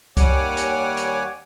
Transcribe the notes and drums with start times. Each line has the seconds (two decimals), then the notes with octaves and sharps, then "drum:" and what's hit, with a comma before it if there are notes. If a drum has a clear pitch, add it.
0.17 D#2 G3 C#5 F#5 G#5 D6, drum: kick C2, hi-hat
0.57 drum: hi-hat
0.97 drum: hi-hat